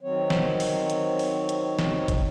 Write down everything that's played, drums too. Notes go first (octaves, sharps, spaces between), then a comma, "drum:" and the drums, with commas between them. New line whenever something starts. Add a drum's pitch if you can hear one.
D#3 F#3 C4 C#5
drum: snare
drum: open hi-hat
drum: hi-hat
drum: open hi-hat
drum: hi-hat
drum: snare
drum: kick, hi-hat